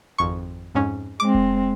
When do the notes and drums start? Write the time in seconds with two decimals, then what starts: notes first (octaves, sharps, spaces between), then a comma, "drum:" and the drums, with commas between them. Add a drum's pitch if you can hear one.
0.18 G#1 F2 C#6
0.75 F2 G#2 C#4
1.20 G#3 C4 D6
1.34 drum: kick F1